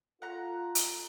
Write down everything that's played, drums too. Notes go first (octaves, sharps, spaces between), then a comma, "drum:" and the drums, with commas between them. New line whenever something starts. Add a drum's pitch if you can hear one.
F4 A4 F#5 A#5
drum: hi-hat